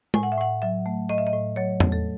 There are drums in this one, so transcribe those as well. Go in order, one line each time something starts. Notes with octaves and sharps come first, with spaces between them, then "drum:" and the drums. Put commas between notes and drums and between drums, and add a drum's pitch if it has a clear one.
A2 G#5, drum: tom G#3
F#5
E5
A2 F#5
F#3 E5
A3
A2 D#5
E5
D#5
A2
F#3 C#5
A3, drum: tom E2
A4